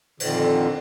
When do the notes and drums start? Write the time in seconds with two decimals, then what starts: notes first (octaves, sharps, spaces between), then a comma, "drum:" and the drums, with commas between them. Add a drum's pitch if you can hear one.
0.20 F2 A#2 D3 D#3, drum: cymbal